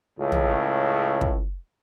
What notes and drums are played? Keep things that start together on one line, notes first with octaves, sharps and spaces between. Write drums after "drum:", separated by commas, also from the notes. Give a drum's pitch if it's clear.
C#2 A2 C#3
drum: tom
drum: kick